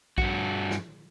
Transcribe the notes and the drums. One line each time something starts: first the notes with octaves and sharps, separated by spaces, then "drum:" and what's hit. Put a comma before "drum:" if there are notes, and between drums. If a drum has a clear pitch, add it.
G2 F#4, drum: kick A#1
drum: snare